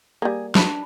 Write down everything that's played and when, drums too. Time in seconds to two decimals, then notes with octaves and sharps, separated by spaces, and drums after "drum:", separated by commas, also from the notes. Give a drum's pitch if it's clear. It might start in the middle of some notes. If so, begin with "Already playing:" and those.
0.22 G3 A#3 G#4
0.55 D4 B5, drum: snare